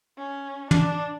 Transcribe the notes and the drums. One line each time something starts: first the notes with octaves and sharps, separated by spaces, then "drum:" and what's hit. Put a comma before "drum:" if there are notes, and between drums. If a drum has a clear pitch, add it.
C#4
D4, drum: tom